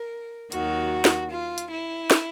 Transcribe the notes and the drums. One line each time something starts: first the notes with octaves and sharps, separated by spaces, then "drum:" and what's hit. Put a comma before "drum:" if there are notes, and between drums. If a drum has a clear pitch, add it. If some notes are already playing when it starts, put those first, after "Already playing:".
Already playing: A#4
D#2 D#3 F#3 F#4, drum: hi-hat
drum: snare
F4
drum: hi-hat
E4
drum: snare